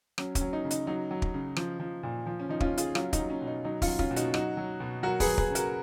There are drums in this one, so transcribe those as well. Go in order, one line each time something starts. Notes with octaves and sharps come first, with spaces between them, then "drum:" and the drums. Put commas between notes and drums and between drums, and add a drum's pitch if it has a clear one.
F#3 C#4, drum: rim click
C#4, drum: kick, hi-hat
F#3
D#4
C#3
D#4, drum: hi-hat
F#3 D#4
F#3
drum: kick
C#3
F3, drum: rim click
F3
A#2
F3
C#4
F3 D#4
C#4 F4, drum: kick
C#3
F4 G#4, drum: hi-hat
F#3 C#4 F4, drum: rim click
D#4, drum: kick, hi-hat
F#3
C#4
B2
D#4
F#3 D#4
C#4 F4, drum: kick, open hi-hat
F#3
C#4 F4, drum: kick
B2
D#4 F#4, drum: hi-hat
F#3 D#4 F#4, drum: rim click
F#3
B2
F#3 F#4 A#4
G#4 B4, drum: kick, open hi-hat
F#3
G#4 B4, drum: kick
C#3
F#4 A#4, drum: hi-hat